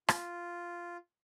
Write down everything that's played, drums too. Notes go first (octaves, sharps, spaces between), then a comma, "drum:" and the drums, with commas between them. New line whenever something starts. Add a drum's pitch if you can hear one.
F4, drum: rim click